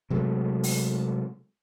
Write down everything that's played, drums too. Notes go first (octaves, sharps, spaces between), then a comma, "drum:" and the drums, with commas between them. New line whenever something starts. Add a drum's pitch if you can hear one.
C3 F#3 G#3 A3
drum: open hi-hat